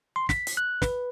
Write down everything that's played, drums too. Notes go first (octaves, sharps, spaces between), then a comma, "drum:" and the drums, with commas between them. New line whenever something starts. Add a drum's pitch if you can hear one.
C6
B6, drum: snare
drum: hi-hat
F#6
B4, drum: snare